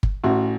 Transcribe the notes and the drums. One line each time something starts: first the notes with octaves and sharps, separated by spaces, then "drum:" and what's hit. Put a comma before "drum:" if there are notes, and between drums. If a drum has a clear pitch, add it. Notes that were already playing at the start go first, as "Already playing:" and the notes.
drum: kick G1
A1 F#4